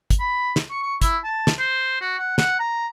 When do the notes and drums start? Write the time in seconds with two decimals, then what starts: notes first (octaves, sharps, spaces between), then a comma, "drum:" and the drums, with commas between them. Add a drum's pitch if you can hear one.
0.10 drum: kick, hi-hat
0.20 B5
0.56 drum: snare
0.70 C#6
0.83 C#6
1.02 E4, drum: kick, hi-hat
1.24 A5
1.47 drum: snare
1.59 C5
2.01 F#4
2.18 F#5
2.38 F#5, drum: snare
2.60 A#5